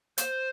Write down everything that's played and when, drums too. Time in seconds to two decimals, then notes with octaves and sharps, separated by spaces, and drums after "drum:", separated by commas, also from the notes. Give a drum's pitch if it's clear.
0.18 C5, drum: hi-hat